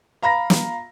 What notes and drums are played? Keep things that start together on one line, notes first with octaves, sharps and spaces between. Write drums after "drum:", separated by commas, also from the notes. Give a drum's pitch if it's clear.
F5 A#5 B5 A#6
drum: snare